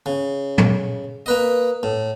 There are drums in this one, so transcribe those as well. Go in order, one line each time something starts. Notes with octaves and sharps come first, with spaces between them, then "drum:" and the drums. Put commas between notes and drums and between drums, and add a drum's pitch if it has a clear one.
C#3
drum: tom
A#3 B4 D#5
A2